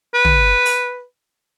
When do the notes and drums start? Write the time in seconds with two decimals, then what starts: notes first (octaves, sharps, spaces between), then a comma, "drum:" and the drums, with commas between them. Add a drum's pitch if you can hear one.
0.14 B4
0.25 drum: tom
0.65 drum: open hi-hat